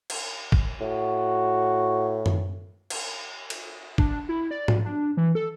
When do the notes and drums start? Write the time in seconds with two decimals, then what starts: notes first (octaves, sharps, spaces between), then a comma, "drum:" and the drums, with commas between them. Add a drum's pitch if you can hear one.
0.10 drum: cymbal
0.52 drum: kick
0.81 A2 F#4
2.26 drum: tom F#2
2.90 drum: cymbal
3.50 drum: cymbal
3.98 D4, drum: kick
4.29 E4
4.51 D5
4.68 drum: tom G#2
4.85 D4
5.17 E3
5.35 A4